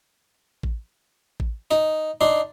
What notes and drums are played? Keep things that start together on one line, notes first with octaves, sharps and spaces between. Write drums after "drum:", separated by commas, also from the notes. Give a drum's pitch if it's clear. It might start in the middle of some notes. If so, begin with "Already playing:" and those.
drum: kick A1
drum: kick A1
D#4, drum: snare
D4 D#4 C6